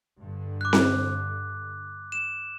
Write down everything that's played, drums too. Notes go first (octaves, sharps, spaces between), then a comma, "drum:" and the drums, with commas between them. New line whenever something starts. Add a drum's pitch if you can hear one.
G2 D3
D6 F#6
drum: snare C4
E7